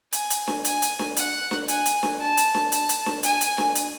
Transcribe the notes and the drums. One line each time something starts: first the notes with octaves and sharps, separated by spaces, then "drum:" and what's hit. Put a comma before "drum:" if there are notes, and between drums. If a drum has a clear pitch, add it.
G#5, drum: hi-hat
drum: hi-hat
drum: snare D4
G#5, drum: hi-hat
drum: hi-hat
drum: snare D4
F#5, drum: hi-hat
drum: snare D4
G#5, drum: hi-hat
drum: hi-hat
drum: snare D4
A5
drum: hi-hat
drum: snare D4
A5, drum: hi-hat
drum: hi-hat
drum: snare D4
G#5, drum: hi-hat
drum: hi-hat
drum: snare D4
drum: hi-hat